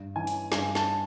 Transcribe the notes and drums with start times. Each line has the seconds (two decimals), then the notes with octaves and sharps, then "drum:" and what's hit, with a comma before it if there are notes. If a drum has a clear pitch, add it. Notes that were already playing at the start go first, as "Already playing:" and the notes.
Already playing: G2
0.16 E3 G#5
0.27 drum: open hi-hat
0.52 G2 G#5, drum: snare
0.75 A5, drum: snare